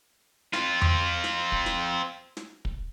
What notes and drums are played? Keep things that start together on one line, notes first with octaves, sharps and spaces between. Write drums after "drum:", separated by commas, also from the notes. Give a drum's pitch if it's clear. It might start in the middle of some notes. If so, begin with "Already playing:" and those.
C4 F4, drum: snare
drum: tom E2
drum: snare
drum: kick
drum: snare
drum: snare
drum: kick